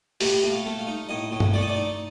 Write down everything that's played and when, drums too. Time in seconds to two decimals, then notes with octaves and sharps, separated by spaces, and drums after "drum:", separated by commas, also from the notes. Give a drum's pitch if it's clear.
0.21 A2 G4, drum: open hi-hat
0.43 A2
0.50 F5
0.65 A3
0.79 F5
0.87 D#4
1.09 A2 D#5
1.31 A2
1.40 drum: tom G2
1.54 A3 D5
1.61 D#5
1.68 D5
1.75 D#4